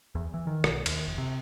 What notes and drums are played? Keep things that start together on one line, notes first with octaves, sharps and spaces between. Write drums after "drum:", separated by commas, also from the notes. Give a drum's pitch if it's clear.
E2
E3
D#3
B1, drum: rim click
D#2, drum: cymbal
F1
C3